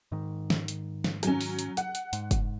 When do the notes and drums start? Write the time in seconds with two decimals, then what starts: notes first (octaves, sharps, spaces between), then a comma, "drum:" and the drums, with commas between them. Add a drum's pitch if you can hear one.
0.12 G#2 D#3
0.50 drum: snare
0.68 drum: hi-hat
1.04 drum: snare
1.23 F#3 C#4, drum: hi-hat
1.41 drum: open hi-hat
1.59 drum: hi-hat
1.77 F#5, drum: hi-hat
1.95 drum: hi-hat
2.13 G#2, drum: hi-hat
2.31 drum: kick, hi-hat